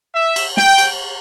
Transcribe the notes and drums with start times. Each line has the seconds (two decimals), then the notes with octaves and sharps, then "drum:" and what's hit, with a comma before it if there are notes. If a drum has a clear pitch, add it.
0.15 E5
0.36 drum: cymbal
0.57 G5, drum: snare
0.78 drum: cymbal